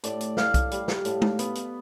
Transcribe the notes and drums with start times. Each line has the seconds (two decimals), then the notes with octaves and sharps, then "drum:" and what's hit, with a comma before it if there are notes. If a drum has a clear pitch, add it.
0.04 A2 D5, drum: hi-hat
0.21 drum: hi-hat
0.37 A2 F5, drum: snare
0.54 drum: kick B1, hi-hat
0.71 G3, drum: hi-hat
0.88 drum: snare
1.05 A2, drum: hi-hat
1.22 drum: tom G#3
1.39 B3, drum: hi-hat
1.55 drum: hi-hat